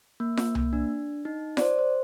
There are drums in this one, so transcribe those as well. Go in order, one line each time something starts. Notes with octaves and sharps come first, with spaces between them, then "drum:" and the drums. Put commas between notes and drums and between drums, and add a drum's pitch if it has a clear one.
A#3
A#3, drum: snare F4
A#3, drum: tom C2
D4
D#4
D5, drum: snare F4
C5
C5